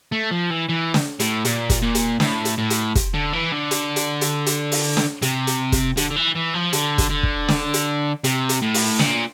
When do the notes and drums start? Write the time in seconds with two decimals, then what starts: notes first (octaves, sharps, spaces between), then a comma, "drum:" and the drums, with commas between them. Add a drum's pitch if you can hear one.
0.12 A3
0.31 F3
0.50 E3
0.69 E3
0.94 drum: snare
1.20 A2, drum: hi-hat
1.45 A#2, drum: hi-hat
1.70 drum: kick, hi-hat
1.82 A#2
1.95 drum: hi-hat
2.20 A2, drum: snare
2.45 drum: hi-hat
2.58 A2
2.70 drum: hi-hat
2.95 drum: kick, hi-hat
3.14 D3
3.33 E3
3.52 D3
3.71 drum: hi-hat
3.96 drum: hi-hat
4.21 drum: hi-hat
4.46 drum: hi-hat
4.72 drum: open hi-hat
4.97 drum: snare
5.22 C3, drum: hi-hat
5.47 drum: hi-hat
5.72 drum: kick, hi-hat
5.97 D3, drum: hi-hat
6.11 D3
6.16 E3
6.35 E3
6.54 F3
6.73 D3, drum: hi-hat
6.98 drum: kick, hi-hat
7.10 D3
7.23 drum: kick
7.48 drum: snare
7.74 drum: hi-hat
8.24 C3, drum: hi-hat
8.49 drum: hi-hat
8.62 A2
8.74 drum: open hi-hat
8.99 A#2, drum: snare